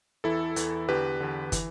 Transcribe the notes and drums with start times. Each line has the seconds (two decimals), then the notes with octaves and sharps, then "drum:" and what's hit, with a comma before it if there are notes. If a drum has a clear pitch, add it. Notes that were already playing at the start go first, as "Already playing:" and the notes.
0.24 E2 E3 E4 A4
0.56 E2 E3, drum: hi-hat
0.88 E2 D3 G4 B4
1.20 E2 D3
1.52 E3, drum: kick, hi-hat